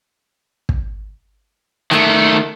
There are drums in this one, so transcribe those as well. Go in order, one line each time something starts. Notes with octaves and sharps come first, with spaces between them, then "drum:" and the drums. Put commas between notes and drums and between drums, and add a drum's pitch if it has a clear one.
drum: kick
D#3 A3, drum: rim click